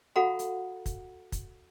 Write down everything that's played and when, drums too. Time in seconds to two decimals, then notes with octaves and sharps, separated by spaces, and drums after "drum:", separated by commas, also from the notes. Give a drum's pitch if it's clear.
0.16 F#4 A4 F5 F#5 A#5 B5
0.39 drum: hi-hat
0.86 drum: kick, hi-hat
1.32 drum: kick, hi-hat